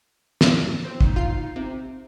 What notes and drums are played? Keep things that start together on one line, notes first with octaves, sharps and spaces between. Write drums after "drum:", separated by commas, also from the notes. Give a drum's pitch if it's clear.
drum: snare
C4
D#4, drum: kick
F4 C7
C3